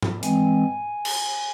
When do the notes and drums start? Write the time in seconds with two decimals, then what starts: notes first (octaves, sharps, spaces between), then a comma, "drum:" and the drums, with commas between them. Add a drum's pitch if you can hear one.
0.02 drum: tom G#2
0.23 E3 G#3 C4 G#5, drum: hi-hat
1.05 drum: cymbal